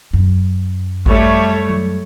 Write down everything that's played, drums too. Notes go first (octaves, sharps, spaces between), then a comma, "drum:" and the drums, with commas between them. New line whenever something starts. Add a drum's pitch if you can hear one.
F#2
G3 A3 C#5, drum: kick G#1
drum: tom F#3